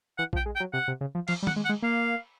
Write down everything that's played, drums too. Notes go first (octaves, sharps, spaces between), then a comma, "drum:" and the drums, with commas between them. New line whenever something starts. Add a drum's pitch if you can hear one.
E3 F#5
F3, drum: kick A#1
G5
G#3
G5
F#3
C3 F#5
C3
C#3
F3
F3 F5, drum: cymbal
G3
F#5, drum: tom D#3
G#3
F#5
G#3
A#3 F5